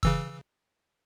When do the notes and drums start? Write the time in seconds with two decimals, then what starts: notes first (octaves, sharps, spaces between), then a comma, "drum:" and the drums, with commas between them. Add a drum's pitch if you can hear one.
0.03 C#3 E3 E6, drum: kick F#1